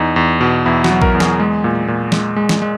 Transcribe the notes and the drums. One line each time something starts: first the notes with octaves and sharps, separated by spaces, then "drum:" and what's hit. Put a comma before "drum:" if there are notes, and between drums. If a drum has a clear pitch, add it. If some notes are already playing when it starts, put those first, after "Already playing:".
Already playing: E2 D#4
E2
B2
E2 E4
F#4, drum: snare
F#3
A#4, drum: kick A#1
E2
G#4, drum: snare
G#3
A#2
A#2
G#3, drum: snare
G#3
drum: snare
G#3